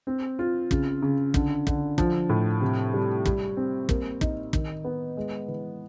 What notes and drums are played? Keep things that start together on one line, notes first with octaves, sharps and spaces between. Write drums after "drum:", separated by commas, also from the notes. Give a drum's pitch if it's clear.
C4
F4
C#3, drum: kick
C#3
D3, drum: kick
D3, drum: kick
F3, drum: kick
A2
C3
G3
G3, drum: kick
C4
A#3, drum: kick
D#4, drum: kick
D#3, drum: kick
B3
G#3
E3